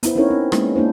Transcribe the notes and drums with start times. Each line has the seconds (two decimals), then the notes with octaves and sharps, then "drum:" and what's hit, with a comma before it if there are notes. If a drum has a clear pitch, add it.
0.03 B3 E4 C5, drum: hi-hat
0.16 C4 C#4 D#4 E4 A#4 C#5
0.31 C4
0.52 G#3 A#3 B3 C#4, drum: rim click
0.76 A#3 D4 E4 C5